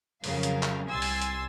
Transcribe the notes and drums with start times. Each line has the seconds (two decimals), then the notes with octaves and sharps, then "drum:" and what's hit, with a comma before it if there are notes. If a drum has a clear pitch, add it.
0.24 F2 C#3 F#3 A#4 F5, drum: open hi-hat
0.43 drum: hi-hat
0.63 drum: clap
0.90 C2 G#5 C6 E6 A6
1.02 drum: open hi-hat
1.22 drum: hi-hat